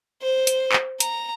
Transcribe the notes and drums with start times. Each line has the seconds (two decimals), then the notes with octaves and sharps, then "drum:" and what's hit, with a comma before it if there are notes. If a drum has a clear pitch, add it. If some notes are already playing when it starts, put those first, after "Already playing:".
0.22 C5
0.47 drum: hi-hat
0.72 drum: clap
1.00 A#5, drum: hi-hat